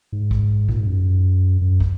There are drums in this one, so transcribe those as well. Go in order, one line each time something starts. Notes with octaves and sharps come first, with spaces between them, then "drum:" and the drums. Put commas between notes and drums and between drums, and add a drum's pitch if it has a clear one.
G#2
drum: kick
A#2, drum: kick
G#2
F#2
F#2
drum: kick